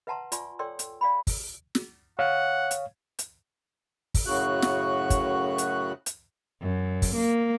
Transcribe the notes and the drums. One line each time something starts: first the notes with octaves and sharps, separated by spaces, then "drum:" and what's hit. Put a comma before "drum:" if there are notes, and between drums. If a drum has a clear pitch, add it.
B4 E5 F#5 A5 A#5 C6
F4 D5 G#5 C6 C#6, drum: hi-hat
A4 C#5 D5 G5 C6 E6
drum: hi-hat
D5 F5 G5 B5
drum: kick, open hi-hat
drum: snare
C#5 F5 F#5
drum: hi-hat
drum: hi-hat
drum: kick, open hi-hat
F#2 A2 C#3 F#4 F#6
drum: snare
drum: kick, hi-hat
drum: hi-hat
drum: hi-hat
F#2
drum: kick, open hi-hat
A#3